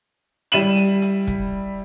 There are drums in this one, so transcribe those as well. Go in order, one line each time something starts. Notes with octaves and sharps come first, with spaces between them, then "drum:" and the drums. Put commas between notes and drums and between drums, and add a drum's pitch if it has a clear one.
G3 E4 D#7 E7 F#7, drum: hi-hat
drum: hi-hat
drum: hi-hat
drum: kick, hi-hat